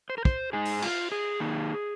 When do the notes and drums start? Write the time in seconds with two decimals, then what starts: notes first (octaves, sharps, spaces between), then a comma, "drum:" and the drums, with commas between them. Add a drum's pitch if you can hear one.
0.10 C5
0.18 A#4
0.25 C5, drum: kick
0.53 G#2 G#3 D#4 G#4
0.66 drum: open hi-hat
0.82 F4, drum: cymbal
1.12 G#4
1.40 D#3 A#3 D#4